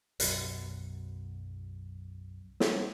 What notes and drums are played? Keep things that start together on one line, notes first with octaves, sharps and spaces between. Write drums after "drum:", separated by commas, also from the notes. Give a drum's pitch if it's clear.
B1 F#2, drum: hi-hat
drum: snare